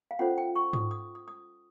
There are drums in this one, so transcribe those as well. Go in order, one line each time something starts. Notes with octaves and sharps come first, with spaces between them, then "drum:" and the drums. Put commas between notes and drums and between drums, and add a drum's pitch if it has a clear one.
F5
C#4 F4 A4 C5 F#5
G5
C#6
D#6, drum: tom G#2
D#6
D#6
D#6